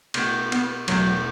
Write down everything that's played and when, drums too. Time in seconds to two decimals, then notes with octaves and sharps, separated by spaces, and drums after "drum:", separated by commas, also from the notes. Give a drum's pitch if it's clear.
0.14 B2 A3 F#4, drum: cymbal
0.52 B3, drum: cymbal
0.88 E1 E2 B2 F#3 A3, drum: cymbal